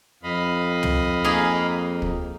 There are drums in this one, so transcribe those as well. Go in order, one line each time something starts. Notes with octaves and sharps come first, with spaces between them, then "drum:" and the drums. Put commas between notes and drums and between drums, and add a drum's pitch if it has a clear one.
F2 D#5 F5 B5
drum: tom
A#3 D#4 G#4
drum: kick